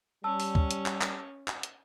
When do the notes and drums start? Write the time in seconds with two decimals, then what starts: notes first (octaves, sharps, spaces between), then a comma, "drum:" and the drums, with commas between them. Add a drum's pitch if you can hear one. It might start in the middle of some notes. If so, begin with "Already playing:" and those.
0.24 G3 C#4 A5 E6
0.40 drum: open hi-hat
0.55 drum: kick D2
0.71 drum: hi-hat
0.86 drum: clap
1.01 drum: clap
1.48 drum: clap
1.63 drum: hi-hat